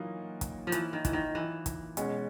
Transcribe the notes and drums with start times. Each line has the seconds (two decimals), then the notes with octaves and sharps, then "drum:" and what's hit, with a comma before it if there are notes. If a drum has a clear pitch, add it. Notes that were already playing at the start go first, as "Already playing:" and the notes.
Already playing: A#2 E3 F#3 A#3 D#4
0.41 drum: kick, hi-hat
0.67 F3
0.72 E3, drum: hi-hat
0.93 D#3
1.05 E3, drum: kick, hi-hat
1.13 D#3
1.35 E3
1.66 drum: kick, hi-hat
1.97 B2 G#3 C#4, drum: hi-hat